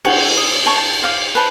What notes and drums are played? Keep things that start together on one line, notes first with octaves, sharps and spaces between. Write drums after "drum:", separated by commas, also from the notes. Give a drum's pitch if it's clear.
C#5 F#5 G5, drum: cymbal
D#6
C#5 A5 C#6
A5
C5 F5 D6
B4 C5 A5